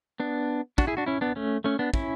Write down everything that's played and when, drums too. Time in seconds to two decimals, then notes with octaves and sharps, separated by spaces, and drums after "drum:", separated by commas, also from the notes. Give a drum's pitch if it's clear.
0.20 B3 D4
0.78 D4 F#4, drum: kick
0.87 E4 G#4
0.97 D4 F#4
1.06 C#4 E4
1.21 B3 D4
1.36 A3 C#4
1.64 A3 C#4
1.79 B3 D4
1.94 C#4 E4, drum: kick